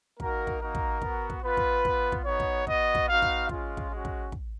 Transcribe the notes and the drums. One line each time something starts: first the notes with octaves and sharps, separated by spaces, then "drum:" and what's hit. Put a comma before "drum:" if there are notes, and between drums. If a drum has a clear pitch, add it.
A#3 D#4 F#4 A#4, drum: kick
drum: kick
A#3 D#4 F#4 A#4
drum: kick
B3, drum: kick
F#4
drum: kick
B3 F4 B4
drum: kick
B3 F4, drum: kick
drum: kick
B3 D#4 F#4 C#5
drum: kick
B3 F#4 D#5, drum: kick
drum: kick
B3 D#4 F#4 F5
drum: kick
G#3 C#4 F4, drum: kick
drum: kick
G#3 C#4 F#4
drum: kick
drum: kick